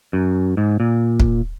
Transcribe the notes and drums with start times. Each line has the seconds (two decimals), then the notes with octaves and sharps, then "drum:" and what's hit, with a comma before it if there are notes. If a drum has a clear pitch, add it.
0.13 F#2
0.57 G#2
0.80 A#2
1.20 drum: kick